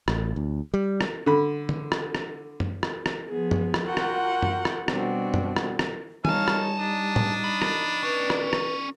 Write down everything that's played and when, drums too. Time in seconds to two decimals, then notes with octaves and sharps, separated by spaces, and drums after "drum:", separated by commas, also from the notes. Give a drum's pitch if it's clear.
0.08 A1, drum: rim click
0.36 D2
0.74 G3
1.01 drum: rim click
1.26 D3 B5
1.69 drum: tom
1.92 drum: rim click
2.15 drum: rim click
2.60 drum: tom F#2
2.83 drum: rim click
3.06 drum: rim click
3.28 F3 B3 G#4
3.51 drum: tom F#2
3.74 drum: rim click
3.86 F4 F#4 A#4 F#5 G5
3.97 drum: rim click
4.42 drum: tom F#2
4.65 drum: rim click
4.88 B2 G3 C4 D4 F#4, drum: rim click
5.34 drum: tom F#2
5.56 drum: rim click
5.79 drum: rim click
6.25 G3 D#4 C#5 F5 G#5 A5, drum: tom
6.48 drum: rim click
6.79 D4 D#4 D#6
7.16 drum: tom
7.44 F3 B5
7.62 drum: rim click
8.03 C#4 B4 D5
8.30 drum: rim click
8.53 drum: rim click